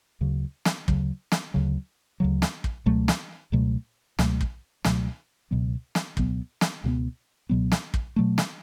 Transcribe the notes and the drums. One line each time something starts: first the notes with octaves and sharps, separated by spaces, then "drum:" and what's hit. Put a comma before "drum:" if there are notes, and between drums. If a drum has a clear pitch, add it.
D2 C#3 F#3
drum: snare
D2 C#3 F#3, drum: kick
drum: snare
D2 C#3 F#3
D2 C#3 F#3
drum: snare
drum: kick
C#2 B2 F#3 A3
drum: snare
C#2 B2 F#3 A3
C#2 B2 F#3 A3, drum: snare
drum: kick
C#2 B2 F#3 A3, drum: snare
C#2 B2 F#3 B3
drum: snare
C#2 B2 F#3 B3, drum: kick
drum: snare
C#2 B2 F#3 B3
C#2 B2 F#3 B3
drum: snare
drum: kick
B2 F#3 A3
drum: snare